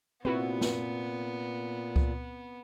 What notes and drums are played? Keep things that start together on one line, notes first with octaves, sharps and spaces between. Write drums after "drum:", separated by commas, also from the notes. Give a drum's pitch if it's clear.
A#2 B3 C4 E4 F#4 B4
drum: snare B4
drum: kick C#2